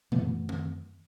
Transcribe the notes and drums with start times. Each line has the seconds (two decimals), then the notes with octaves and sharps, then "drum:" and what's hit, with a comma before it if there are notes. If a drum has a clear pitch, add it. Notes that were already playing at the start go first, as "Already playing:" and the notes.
0.12 F#2 E3 A3 B3, drum: tom A#2
0.49 drum: tom D#3